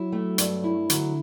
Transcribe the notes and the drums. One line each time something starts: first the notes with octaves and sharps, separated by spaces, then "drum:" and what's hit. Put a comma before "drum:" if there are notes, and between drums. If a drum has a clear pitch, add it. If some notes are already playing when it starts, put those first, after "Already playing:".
Already playing: F#3 E4
A3
G2, drum: hi-hat
E4
D3 F#3, drum: hi-hat